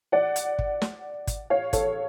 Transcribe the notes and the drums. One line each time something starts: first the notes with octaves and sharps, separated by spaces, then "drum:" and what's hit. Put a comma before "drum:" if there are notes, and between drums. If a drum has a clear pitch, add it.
D5 F#5
drum: hi-hat
drum: kick
drum: snare
drum: kick, hi-hat
C#5 F5
A4 C#5, drum: kick, hi-hat